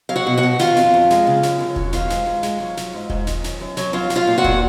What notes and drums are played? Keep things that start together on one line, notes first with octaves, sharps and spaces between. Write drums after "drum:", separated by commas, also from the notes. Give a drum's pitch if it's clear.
F#3 F5
F#4 F#5
B2
F#4 F#5
B2
D#3 F4 F5, drum: snare
F2, drum: snare
F2
G#3, drum: snare
C#3
F#2, drum: snare
F#2
F#3, drum: kick E1
D#3 F4 F5, drum: snare
G#2, drum: snare
G#2
G#3, drum: snare
F#3
F#3, drum: snare
G#2
G#2, drum: kick E1
D#3, drum: snare
F#2, drum: snare
F#2
F#3, drum: snare
F#3 F4 F5
F#3, drum: snare
F4 F5
A#2
F#4 F#5
A#2, drum: kick E1